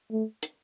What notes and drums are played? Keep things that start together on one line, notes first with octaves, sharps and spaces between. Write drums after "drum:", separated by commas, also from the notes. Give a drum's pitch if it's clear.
A3
drum: hi-hat